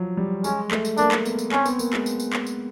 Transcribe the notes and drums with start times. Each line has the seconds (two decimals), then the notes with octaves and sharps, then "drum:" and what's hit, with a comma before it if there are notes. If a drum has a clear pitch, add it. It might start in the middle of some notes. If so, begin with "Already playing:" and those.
Already playing: F3 F#3
0.17 G3
0.44 G#3 C#4, drum: tambourine
0.71 A3, drum: clap
0.85 drum: tambourine
0.98 A#3 D4, drum: tambourine
1.12 drum: clap
1.25 B3, drum: tambourine
1.39 drum: tambourine
1.52 C4 C#4, drum: clap
1.66 B3, drum: tambourine
1.79 A#3, drum: tambourine
1.93 G#3, drum: clap
2.06 drum: tambourine
2.20 drum: tambourine
2.33 drum: clap
2.47 drum: tambourine